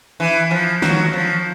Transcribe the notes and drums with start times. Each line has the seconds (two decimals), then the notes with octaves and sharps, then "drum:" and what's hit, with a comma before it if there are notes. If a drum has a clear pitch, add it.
0.20 E3
0.51 F3
0.82 F#3, drum: snare
1.13 F3